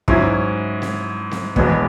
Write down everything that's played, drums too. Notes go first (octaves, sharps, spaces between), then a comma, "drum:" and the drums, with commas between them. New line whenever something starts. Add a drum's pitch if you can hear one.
G#2 F#3 C#4 E4, drum: kick
drum: snare C4
drum: snare C4
E1 E2 B2 G#3 B3, drum: kick